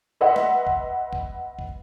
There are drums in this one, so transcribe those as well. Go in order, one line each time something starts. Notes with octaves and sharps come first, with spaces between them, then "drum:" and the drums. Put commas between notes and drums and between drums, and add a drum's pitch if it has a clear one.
B4 D#5 E5 F#5 C6
drum: snare
drum: kick C2
drum: kick C2
drum: kick C2